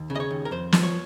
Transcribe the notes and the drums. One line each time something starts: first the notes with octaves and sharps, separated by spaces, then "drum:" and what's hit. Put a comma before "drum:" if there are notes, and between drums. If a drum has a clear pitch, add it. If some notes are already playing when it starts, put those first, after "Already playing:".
Already playing: D#2
C#3
D#5
C#5
D#2
A#4
F2 C5
F3, drum: snare
C#5